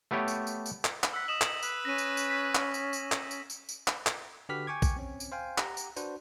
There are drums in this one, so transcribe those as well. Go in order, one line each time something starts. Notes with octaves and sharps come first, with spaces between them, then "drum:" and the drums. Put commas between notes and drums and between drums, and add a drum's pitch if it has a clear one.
A3 B3 G4 C#5
drum: tambourine
drum: tambourine
drum: tambourine
drum: clap
drum: clap
F#5 E6 B6
D#5 D#6 E7 F#7
drum: clap
B4, drum: tambourine
C#4 A#6 D#7
drum: tambourine
drum: tambourine
B6
drum: clap
drum: tambourine
drum: tambourine
drum: clap
drum: tambourine
drum: tambourine
drum: tambourine
drum: clap
drum: clap
D3 F#4 G4 B4 F6 B6
G5 G#5 C#6 D6 G#6
drum: kick, tambourine
C4 C#4
drum: tambourine
C5 F5 G5 G#5
G4 F#5 A#5, drum: clap
drum: tambourine
D4 F#4 B4 C5, drum: tambourine